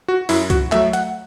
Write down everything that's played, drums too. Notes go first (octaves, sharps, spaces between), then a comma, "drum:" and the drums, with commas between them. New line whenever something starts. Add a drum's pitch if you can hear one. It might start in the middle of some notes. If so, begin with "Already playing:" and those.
F#4
F#2 E4, drum: open hi-hat
F#4, drum: kick C2, hi-hat
F#3 A3 E5, drum: clap
F#5, drum: hi-hat